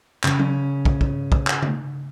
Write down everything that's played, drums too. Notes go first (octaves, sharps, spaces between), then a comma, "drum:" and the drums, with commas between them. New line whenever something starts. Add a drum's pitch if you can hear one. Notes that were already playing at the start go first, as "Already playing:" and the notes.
C#3 C#4, drum: clap
drum: tom F#3
drum: kick
drum: kick
drum: kick
drum: clap
drum: tom C#3